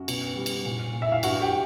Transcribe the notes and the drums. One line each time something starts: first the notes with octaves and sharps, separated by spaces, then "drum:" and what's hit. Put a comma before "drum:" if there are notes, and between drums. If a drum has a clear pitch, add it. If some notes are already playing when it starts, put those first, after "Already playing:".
Already playing: F#2 F#4
B2, drum: cymbal
G3
drum: cymbal
A#2
A#2
E5
F5
G2 F#4 F#5, drum: cymbal
G4 G5